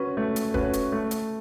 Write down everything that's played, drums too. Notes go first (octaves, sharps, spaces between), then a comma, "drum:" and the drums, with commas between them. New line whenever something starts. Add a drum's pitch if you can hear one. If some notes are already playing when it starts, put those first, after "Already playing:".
Already playing: C#4 F#4 B4
A3
drum: hi-hat
C#4 F#4 B4, drum: kick
drum: hi-hat
A3
drum: hi-hat